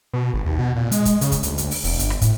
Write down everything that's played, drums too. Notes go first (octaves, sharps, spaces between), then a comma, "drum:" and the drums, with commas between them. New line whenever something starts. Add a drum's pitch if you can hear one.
B2
G#1
D#2
B2
A#2
G#3, drum: hi-hat
drum: kick, hi-hat
C#3, drum: hi-hat
drum: kick, hi-hat
D2, drum: hi-hat
drum: hi-hat
drum: open hi-hat
E1, drum: open hi-hat
G1, drum: hi-hat
drum: rim click
A2, drum: kick, hi-hat